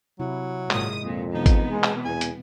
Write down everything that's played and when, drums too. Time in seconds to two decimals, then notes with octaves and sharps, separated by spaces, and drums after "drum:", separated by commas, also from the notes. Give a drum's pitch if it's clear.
0.20 C3 F#3 E4
0.70 G#1 A#2 G#3 D#6, drum: clap
1.04 F2 A#2
1.35 B2 E3 B3 C4 D#4
1.46 drum: kick G#1, hi-hat
1.70 G#3
1.84 drum: clap
2.05 E2 G#5
2.21 drum: hi-hat